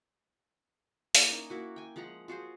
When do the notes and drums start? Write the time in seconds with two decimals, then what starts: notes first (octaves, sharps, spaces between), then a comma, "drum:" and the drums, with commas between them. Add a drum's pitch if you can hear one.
1.15 A#3 E4 B5 C#6, drum: open hi-hat
1.30 C#4 D#4 A#4 G#5
1.50 A#3 E4 F#4
1.76 G5 G#5
1.96 F3 G#3 F#5 A#5
2.28 F4 F#4 G#4 C5